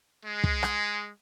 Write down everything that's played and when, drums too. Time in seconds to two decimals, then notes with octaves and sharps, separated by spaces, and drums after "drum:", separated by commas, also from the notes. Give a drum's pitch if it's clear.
0.25 G#3
0.44 drum: kick
0.63 drum: rim click